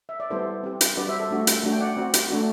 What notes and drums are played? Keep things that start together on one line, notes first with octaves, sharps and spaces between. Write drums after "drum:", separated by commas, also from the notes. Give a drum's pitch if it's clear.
E5
D5
G3 B3 E4 A4 C5
C4 G4
drum: hi-hat
G3 D4 F#4 B4 D5
C5 E5
A4
A3 D4 F#4
drum: hi-hat
A3 D4 F#4
G5
D5 F#5
C4 F#4
drum: hi-hat
A3 D4 F#4